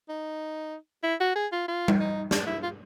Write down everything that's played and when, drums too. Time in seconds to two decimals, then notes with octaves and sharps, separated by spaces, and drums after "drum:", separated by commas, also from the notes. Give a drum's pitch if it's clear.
0.09 D#4
1.03 E4
1.20 F#4
1.36 G#4
1.52 F4
1.68 F4
1.88 drum: tom G3
2.00 D#4
2.31 D4, drum: snare
2.47 E4
2.63 F4